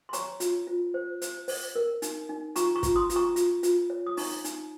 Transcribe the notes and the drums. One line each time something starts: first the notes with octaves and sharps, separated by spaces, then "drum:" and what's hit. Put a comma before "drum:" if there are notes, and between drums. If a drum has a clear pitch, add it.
C6
C#5 A#5 C#6, drum: hi-hat
F4, drum: hi-hat
F4
C5
C5, drum: hi-hat
C5, drum: open hi-hat
A#4
D#4, drum: hi-hat
D#4
F4 A#5 C#6, drum: hi-hat
A#5 C#6
F4, drum: kick, hi-hat
C6 D#6
F4, drum: hi-hat
A#5 C#6
F4, drum: hi-hat
F4, drum: hi-hat
C#5
D#6
D#4 A#5 C#6, drum: open hi-hat
D#4, drum: hi-hat